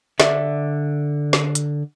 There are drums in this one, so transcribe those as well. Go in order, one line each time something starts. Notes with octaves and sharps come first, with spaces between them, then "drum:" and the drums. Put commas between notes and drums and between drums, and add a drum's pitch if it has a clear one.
D3 D5 E5, drum: snare
drum: snare
drum: hi-hat